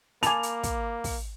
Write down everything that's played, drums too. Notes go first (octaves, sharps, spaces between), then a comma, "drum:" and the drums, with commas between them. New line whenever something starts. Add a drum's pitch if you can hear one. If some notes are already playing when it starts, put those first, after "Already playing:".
A#3 G#5 A5 B5 D6 F7, drum: hi-hat
drum: hi-hat
drum: kick, hi-hat
drum: kick, open hi-hat